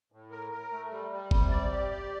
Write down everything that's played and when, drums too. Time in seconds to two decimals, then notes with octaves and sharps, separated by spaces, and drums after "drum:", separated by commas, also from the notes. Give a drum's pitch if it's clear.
0.12 A2
0.31 A#4
0.51 A#4
0.72 A3
0.91 G3
1.11 G3
1.31 C3, drum: kick F#1
1.50 D5
1.71 G4
1.91 D5